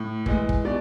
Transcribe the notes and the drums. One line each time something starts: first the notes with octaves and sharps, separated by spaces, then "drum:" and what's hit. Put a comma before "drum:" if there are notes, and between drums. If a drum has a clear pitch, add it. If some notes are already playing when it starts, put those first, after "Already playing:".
Already playing: A2
E3 G#3, drum: kick
drum: kick
B2 D5